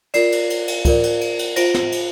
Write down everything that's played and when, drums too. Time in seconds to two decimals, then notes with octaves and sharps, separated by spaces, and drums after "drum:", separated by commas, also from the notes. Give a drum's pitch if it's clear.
0.14 F4 A#4 D5 C7 E7, drum: cymbal
0.32 drum: cymbal
0.50 drum: cymbal
0.68 drum: cymbal
0.85 F4 A#4 D5, drum: kick C#2, cymbal
1.03 drum: cymbal
1.21 drum: cymbal
1.39 drum: cymbal
1.56 F4 C5 A#6 D7, drum: cymbal
1.74 drum: snare
1.92 drum: cymbal